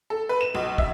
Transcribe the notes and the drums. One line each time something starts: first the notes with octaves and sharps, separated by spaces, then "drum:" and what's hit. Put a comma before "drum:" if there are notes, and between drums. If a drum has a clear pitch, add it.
A4
B4
E7
B1
E5, drum: kick